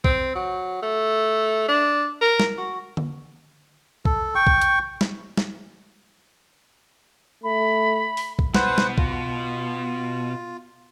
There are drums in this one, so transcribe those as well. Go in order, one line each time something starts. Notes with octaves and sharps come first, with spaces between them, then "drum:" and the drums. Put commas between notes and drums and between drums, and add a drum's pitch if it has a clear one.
C4, drum: kick
F#3
A3
D4
A#4
drum: snare
F#4
drum: tom D3
A4, drum: kick
G5 C#6
drum: kick
drum: hi-hat
drum: snare
drum: snare
A3 B5
drum: open hi-hat
drum: kick
B2 B4 C5 F#5, drum: snare
drum: snare
F4, drum: kick